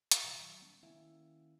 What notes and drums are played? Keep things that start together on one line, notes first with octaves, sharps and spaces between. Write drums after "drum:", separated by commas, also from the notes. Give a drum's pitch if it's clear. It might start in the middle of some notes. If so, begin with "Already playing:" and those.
drum: hi-hat
A#2 D#3 F#3
G3 B3 D4
D#3 A#3 C#4 E4